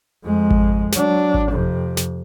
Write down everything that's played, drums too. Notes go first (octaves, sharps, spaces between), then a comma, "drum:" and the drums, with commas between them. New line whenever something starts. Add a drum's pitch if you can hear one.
F2 G#3
drum: kick G#1
F#3 D4, drum: snare
drum: kick G#1
F2 C3
drum: snare